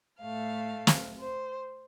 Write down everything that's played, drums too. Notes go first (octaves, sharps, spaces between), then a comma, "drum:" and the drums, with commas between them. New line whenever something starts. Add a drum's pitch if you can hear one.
A2 A3 F5
drum: snare
C5